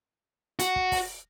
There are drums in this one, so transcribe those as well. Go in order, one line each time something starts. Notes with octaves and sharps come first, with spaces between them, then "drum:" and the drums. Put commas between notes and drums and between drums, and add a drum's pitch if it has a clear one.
F#4, drum: hi-hat
drum: kick
drum: kick, open hi-hat